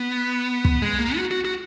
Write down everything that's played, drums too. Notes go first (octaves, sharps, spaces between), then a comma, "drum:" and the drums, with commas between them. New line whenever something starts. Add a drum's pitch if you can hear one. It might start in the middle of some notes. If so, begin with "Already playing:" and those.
Already playing: B3
drum: kick
G#3
A#3
F#4
F#4
F#4